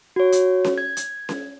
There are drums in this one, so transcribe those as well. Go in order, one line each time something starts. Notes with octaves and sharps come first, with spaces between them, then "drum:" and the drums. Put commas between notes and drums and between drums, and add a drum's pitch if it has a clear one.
F#4 C#5
drum: hi-hat
drum: snare C#4
G#6
drum: hi-hat
drum: snare C#4